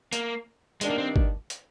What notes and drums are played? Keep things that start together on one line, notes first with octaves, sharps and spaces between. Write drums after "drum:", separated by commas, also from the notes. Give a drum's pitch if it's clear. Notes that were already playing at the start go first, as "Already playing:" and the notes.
A#3, drum: hi-hat
G2 D#3 G3 G#3 D4, drum: hi-hat
A#3
C4
drum: kick
drum: hi-hat